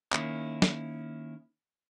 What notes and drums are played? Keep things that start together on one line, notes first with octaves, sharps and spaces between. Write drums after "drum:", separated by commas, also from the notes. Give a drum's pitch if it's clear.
D#3 A#3 C#4 E4, drum: clap
drum: snare